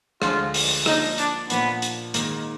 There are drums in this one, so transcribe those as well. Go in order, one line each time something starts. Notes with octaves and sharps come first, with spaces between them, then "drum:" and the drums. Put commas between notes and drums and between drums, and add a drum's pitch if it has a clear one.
D2 D3 F3 G#3 F4, drum: rim click
drum: open hi-hat
F3 A#3 D4 D#4, drum: rim click
D4, drum: hi-hat
A#2 F3 A#3 B3 D4, drum: hi-hat
drum: hi-hat
G#2 D#3 A#3 D#4 A#4, drum: hi-hat